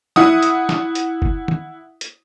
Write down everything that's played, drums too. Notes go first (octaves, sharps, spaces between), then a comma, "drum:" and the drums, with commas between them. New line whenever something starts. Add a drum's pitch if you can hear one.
E4 F#5 D#6, drum: snare
drum: hi-hat
drum: snare
drum: hi-hat
drum: kick F#1
drum: tom
drum: hi-hat